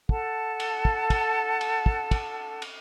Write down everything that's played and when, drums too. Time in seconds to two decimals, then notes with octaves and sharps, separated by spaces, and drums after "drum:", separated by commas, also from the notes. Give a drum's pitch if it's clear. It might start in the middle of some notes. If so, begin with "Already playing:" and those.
0.09 A4 F#5 A5, drum: kick
0.60 drum: cymbal
0.85 drum: kick
1.10 drum: kick, cymbal
1.61 drum: cymbal
1.86 drum: kick
2.11 drum: kick, cymbal
2.62 drum: cymbal